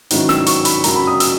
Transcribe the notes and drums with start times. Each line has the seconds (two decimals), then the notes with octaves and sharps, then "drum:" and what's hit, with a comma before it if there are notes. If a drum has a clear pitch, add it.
0.11 G#2 D#3 F#3 C#4 E4, drum: hi-hat
0.29 E6, drum: snare
0.46 C#6, drum: hi-hat
0.65 B5, drum: hi-hat
0.84 F#2 C#3 F#3 A#3 A#5, drum: hi-hat
0.96 B5
1.07 D#6
1.20 E6, drum: hi-hat